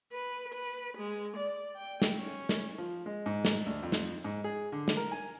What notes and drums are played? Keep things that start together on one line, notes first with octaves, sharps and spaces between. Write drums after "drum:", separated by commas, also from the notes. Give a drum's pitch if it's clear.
B4
B4
G#3
D5
G5
drum: snare
C#4
drum: snare
F3
G#3
G#2
drum: snare
D2
F2
drum: snare
G#2
G#4
D3
drum: snare
A#4
G#5